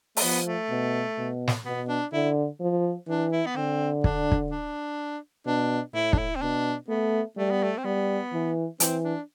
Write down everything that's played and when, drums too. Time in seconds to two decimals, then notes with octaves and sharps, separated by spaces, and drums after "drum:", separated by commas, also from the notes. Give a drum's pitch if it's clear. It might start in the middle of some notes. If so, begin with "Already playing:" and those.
0.17 A3, drum: open hi-hat
0.22 F3 B3
0.47 A3
0.70 B2
1.18 B2
1.48 drum: snare
1.65 B2 B3
1.89 D4
2.13 D3 E4
2.60 F3
3.08 E3 D4
3.33 E4
3.46 B3
3.56 D3 C4
4.04 D4, drum: kick
4.32 drum: kick
4.51 D4
5.46 B2 D4
5.93 A2 E4
6.13 D4, drum: kick
6.18 E4
6.36 C4
6.42 B2 D4
6.89 A3 B3
7.37 G3 A3
7.51 B3
7.63 A3
7.78 C4
7.85 G3 B3
8.33 E3
8.80 E3 C4, drum: hi-hat
9.04 D4